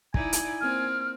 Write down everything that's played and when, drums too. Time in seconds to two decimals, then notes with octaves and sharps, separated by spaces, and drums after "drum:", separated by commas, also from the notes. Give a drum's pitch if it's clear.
0.14 D#4 E4 D5 G#5, drum: kick
0.33 drum: hi-hat
0.61 A#3 C4 F6